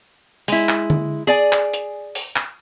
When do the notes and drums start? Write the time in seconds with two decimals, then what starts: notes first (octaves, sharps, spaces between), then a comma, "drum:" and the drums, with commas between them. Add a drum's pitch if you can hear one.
0.48 G#3 E4, drum: open hi-hat
0.69 drum: clap
0.90 drum: tom D3
1.27 G#4 D5 G#5
1.53 drum: clap
1.74 drum: hi-hat
2.15 drum: open hi-hat
2.36 drum: clap